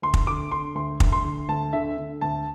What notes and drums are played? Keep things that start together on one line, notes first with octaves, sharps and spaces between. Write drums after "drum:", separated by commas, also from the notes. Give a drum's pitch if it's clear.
D2 C6
drum: kick
D3 D6
D3 C6
D2 C6
D2, drum: kick
C6
D3
D2 A5
D3 E5
D3
D2 A5